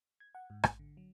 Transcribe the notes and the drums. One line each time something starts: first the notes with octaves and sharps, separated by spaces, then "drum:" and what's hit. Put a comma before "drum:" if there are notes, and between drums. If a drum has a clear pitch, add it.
G#6
F#5
G#2
A1, drum: rim click
D3
F#3